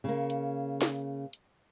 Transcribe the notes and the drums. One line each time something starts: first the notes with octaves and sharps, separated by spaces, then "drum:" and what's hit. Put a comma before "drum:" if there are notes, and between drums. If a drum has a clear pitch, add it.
C#3 A#3
drum: hi-hat
drum: snare
drum: hi-hat